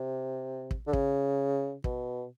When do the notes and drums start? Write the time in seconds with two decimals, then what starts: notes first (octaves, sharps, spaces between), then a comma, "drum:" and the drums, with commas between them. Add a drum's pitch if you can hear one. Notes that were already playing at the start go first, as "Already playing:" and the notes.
Already playing: C3
0.71 drum: kick
0.87 D3
0.93 C#3, drum: kick
1.84 B2, drum: kick